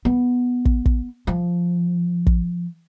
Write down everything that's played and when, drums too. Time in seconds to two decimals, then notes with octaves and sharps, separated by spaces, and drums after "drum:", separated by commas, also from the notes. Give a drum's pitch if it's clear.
0.05 B3
0.66 drum: kick
0.86 drum: kick
1.27 F3
2.27 drum: kick